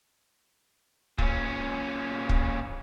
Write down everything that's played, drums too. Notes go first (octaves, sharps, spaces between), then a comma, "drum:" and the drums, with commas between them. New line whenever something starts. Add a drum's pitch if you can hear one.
A#2 C#4, drum: kick
drum: kick